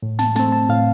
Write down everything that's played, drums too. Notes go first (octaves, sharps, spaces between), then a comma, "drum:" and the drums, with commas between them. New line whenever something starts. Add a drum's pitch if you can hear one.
A2
A5, drum: snare
A3 C4 A5, drum: snare
A5
A2 F5